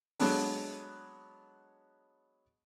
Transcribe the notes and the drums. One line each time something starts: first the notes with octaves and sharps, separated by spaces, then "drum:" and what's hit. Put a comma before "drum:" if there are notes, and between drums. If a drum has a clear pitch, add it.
F#3 G#3 B3 D4 A4, drum: open hi-hat